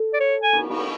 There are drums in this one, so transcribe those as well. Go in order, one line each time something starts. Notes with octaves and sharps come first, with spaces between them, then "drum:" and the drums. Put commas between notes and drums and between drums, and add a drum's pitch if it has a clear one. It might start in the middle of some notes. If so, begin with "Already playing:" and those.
Already playing: A4
D5
C#5
G#5
drum: cymbal
drum: cymbal